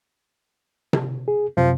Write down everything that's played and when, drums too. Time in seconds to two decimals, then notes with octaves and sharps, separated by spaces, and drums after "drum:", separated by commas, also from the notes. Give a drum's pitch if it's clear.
0.93 drum: tom C3
1.28 G#4
1.57 F#2 C3 F3